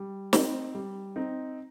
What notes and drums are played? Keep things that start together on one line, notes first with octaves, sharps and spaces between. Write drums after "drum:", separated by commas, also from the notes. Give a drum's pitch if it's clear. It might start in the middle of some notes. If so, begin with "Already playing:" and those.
Already playing: G3
C4 D#4, drum: snare
G3
C4 D#4